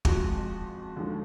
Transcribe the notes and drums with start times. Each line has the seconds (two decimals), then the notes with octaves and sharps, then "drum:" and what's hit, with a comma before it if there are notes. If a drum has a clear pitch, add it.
0.05 F2 F3 G#3 F#4, drum: kick
0.96 D#2 D3 F3 G#3